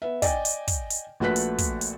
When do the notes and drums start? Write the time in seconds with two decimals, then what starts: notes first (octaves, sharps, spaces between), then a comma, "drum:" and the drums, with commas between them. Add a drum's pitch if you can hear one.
0.02 B3 E5
0.22 D5 D#5 G5 G#5, drum: kick, hi-hat
0.45 drum: hi-hat
0.68 drum: kick, hi-hat
0.90 drum: hi-hat
1.20 A#1 A3 F#4 B4 F#6 B6
1.36 drum: hi-hat
1.58 drum: kick, hi-hat
1.81 drum: hi-hat